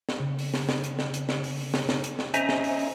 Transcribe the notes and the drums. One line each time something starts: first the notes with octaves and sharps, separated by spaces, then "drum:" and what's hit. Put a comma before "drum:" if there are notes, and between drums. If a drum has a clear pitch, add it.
drum: snare
C#3
drum: open hi-hat
drum: snare
drum: snare
drum: hi-hat
drum: snare
drum: hi-hat
drum: snare
drum: open hi-hat
drum: open hi-hat
drum: snare
drum: snare
drum: hi-hat
drum: snare
C#4 C5 D#5 E5 G#5 A#5, drum: hi-hat
drum: snare
drum: open hi-hat
drum: open hi-hat